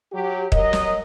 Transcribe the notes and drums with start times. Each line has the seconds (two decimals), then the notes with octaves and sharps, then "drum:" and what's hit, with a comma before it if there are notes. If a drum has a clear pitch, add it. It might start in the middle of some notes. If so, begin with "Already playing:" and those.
0.13 F#3 G4
0.52 F#3 A#4 D#5, drum: kick
0.73 drum: snare